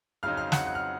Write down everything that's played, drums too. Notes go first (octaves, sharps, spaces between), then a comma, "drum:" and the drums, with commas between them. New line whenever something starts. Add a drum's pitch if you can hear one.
F2 C#3 F#3 C4 D#4 F5 F6
F5 F6
F#5 F#6, drum: snare
F#6
F6